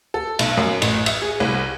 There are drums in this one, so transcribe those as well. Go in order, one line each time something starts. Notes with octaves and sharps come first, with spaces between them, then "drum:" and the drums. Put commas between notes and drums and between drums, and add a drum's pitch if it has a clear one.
A4
B1, drum: cymbal
F#2
A1, drum: cymbal
E5, drum: cymbal
G#4
C2